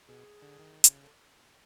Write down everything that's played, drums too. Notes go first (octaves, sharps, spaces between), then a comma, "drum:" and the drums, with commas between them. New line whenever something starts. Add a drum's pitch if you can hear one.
B2 G#4
D3
D#3
C#3, drum: hi-hat
A4